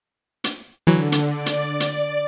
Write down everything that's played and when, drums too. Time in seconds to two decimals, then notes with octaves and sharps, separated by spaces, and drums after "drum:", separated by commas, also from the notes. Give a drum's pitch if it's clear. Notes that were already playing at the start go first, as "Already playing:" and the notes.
0.44 drum: hi-hat
0.87 D3 E3 F#3
1.12 drum: hi-hat
1.29 D5
1.46 drum: hi-hat
1.80 drum: hi-hat